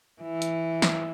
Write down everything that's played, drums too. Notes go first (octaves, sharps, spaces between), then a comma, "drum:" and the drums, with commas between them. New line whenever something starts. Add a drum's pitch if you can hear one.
E3
drum: hi-hat
drum: snare